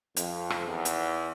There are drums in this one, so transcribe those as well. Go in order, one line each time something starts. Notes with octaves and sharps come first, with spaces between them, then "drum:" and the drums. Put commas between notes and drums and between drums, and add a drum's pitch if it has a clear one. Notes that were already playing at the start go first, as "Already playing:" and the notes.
F2, drum: hi-hat
drum: rim click
E2
drum: hi-hat